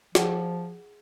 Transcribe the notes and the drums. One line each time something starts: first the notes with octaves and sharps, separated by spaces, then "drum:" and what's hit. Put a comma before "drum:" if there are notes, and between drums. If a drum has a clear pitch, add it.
F3 G#4 F#5 G5, drum: snare